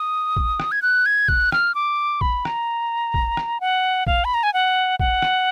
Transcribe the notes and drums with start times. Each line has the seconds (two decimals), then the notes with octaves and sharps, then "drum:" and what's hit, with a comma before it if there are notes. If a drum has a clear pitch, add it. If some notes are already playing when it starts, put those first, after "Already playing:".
Already playing: D#6
0.36 drum: kick A#1
0.60 drum: rim click
0.72 G#6
0.82 F#6
1.06 G#6
1.28 F#6, drum: kick A#1
1.52 F6, drum: rim click
1.75 D6
2.21 B5, drum: kick A#1
2.45 A#5, drum: rim click
3.14 drum: kick A#1
3.37 drum: rim click
3.61 F#5
4.07 F5, drum: kick A#1
4.25 B5
4.34 A#5
4.43 G#5
4.54 F#5
5.00 F#5, drum: kick A#1
5.22 drum: rim click